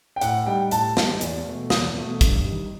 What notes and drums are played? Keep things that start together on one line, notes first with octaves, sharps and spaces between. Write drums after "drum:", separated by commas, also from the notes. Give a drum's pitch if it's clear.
G5
A2 F#5, drum: hi-hat
G3 D#4 G5
A2 A5, drum: hi-hat
G3 D#4, drum: snare
E2, drum: hi-hat
B2 A3
E2 D#6, drum: snare
B2 A3
G2, drum: kick, hi-hat
D#3 G3